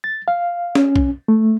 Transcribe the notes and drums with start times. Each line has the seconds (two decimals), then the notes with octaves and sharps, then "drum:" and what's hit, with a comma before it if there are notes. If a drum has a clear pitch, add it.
0.04 A6
0.28 F5
0.75 C#4, drum: snare
0.96 drum: kick B1
1.28 A3